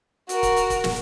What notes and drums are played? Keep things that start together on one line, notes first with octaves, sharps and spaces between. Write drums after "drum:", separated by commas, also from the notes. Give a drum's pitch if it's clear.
F#4 A#4, drum: hi-hat
drum: kick C#1, hi-hat
drum: hi-hat
drum: kick C#1, hi-hat
drum: snare